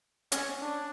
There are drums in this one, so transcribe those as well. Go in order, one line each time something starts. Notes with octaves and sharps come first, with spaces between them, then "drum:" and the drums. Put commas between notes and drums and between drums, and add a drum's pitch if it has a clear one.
C#4, drum: hi-hat
D4